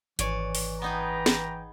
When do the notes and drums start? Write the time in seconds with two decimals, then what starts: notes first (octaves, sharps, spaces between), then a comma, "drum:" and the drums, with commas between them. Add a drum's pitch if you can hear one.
0.19 G#1 E3 C#5 D5 G#5, drum: hi-hat
0.55 drum: open hi-hat
0.82 B3 D#4 G#4 B4 G5 A#5
1.26 drum: snare